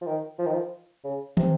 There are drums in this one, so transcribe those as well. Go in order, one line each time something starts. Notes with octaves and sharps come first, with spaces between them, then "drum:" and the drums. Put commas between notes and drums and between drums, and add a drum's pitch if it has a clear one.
F3
D#3
F3
D#3
F3
C#3
C3, drum: tom